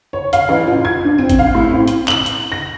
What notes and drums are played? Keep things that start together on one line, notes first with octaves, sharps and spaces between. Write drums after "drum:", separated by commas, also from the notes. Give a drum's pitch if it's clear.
C#5
F5, drum: hi-hat
A1
F4
G#6
D4
C4
drum: kick G#1, hi-hat
F5
A2
C4
drum: hi-hat
F#7, drum: clap
drum: hi-hat
A#6